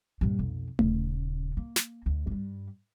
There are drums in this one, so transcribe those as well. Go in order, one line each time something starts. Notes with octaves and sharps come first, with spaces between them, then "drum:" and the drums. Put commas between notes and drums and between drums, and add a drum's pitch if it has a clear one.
G2 A#2
B1 F2
D#1 C#3, drum: tom A3
A#3
drum: snare
D2
G2 G3